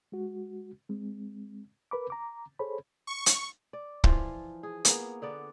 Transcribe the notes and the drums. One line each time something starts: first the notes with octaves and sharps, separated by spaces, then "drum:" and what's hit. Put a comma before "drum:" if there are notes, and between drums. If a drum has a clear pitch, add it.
G#3 F#4
G#3 C4
A#4 B4 B5 D6
A#5 D6
G#4 A4 C5 C#5 B5
C#6
drum: hi-hat
D5
E3 F3 F4, drum: kick
G#4
A#3 B3 G#4, drum: hi-hat
D3 B3 D5